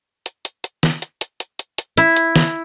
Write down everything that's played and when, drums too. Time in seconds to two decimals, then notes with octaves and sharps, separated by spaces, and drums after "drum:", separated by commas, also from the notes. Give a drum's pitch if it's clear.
0.26 drum: hi-hat
0.45 drum: hi-hat
0.64 drum: hi-hat
0.83 drum: snare
1.02 drum: hi-hat
1.21 drum: hi-hat
1.40 drum: hi-hat
1.59 drum: hi-hat
1.78 drum: hi-hat
1.97 E4, drum: hi-hat
2.17 drum: hi-hat
2.36 drum: snare